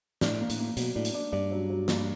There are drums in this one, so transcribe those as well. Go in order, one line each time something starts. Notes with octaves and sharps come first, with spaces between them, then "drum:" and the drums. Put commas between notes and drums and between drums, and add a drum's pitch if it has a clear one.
A2 D4, drum: snare
A#3
A2, drum: hi-hat
A#3
B2 F#3, drum: hi-hat
A2 D4
drum: hi-hat
D4
G2 D4
F#3
F#3
A#3, drum: snare